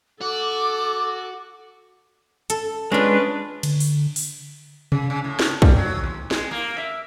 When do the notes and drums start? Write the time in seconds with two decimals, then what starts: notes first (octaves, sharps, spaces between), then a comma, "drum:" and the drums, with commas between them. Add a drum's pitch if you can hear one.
0.21 F#4 A4 D6
2.50 A4, drum: hi-hat
2.92 G#3 C#4 D4 F4 B4
3.63 D3, drum: cymbal
3.80 drum: open hi-hat
4.16 drum: open hi-hat
4.92 C#3, drum: tom C3
5.10 C#3
5.24 A2
5.39 drum: snare
5.62 G3, drum: kick
5.76 F#3
6.04 D#2
6.31 G#3, drum: snare
6.51 A#3
6.78 E5